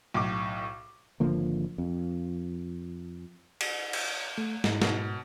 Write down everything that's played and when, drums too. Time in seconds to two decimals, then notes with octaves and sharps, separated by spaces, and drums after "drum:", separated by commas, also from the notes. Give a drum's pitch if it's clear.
0.14 B1 A2 D6
1.20 G#1 D3 F3 A#3
1.78 F2
3.61 drum: cymbal
3.93 drum: cymbal
4.38 A3
4.64 G#2, drum: snare
4.82 B2, drum: snare